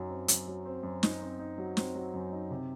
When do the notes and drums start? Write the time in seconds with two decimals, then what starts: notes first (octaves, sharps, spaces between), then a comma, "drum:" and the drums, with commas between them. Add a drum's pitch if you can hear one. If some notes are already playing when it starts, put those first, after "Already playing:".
Already playing: F#2 F#3 D#4
0.09 C4
0.28 F#2, drum: hi-hat
0.47 F#3
0.65 C4
0.83 F#2
1.03 D#4, drum: snare
1.21 C4
1.39 D#4
1.58 F#3
1.77 C4, drum: snare
1.95 F#3
2.14 F#2
2.32 D#4
2.50 C3